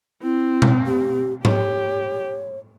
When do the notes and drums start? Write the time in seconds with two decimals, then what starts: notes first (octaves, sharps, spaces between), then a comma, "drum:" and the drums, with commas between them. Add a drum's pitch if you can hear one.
0.23 C4 E4
0.62 drum: tom B2
0.87 G4
1.45 G4 C#5, drum: tom G#2